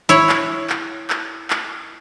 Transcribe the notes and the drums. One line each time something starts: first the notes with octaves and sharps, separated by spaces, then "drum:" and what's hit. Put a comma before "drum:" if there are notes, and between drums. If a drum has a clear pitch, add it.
E4 C#5
drum: clap
drum: clap
drum: clap
drum: clap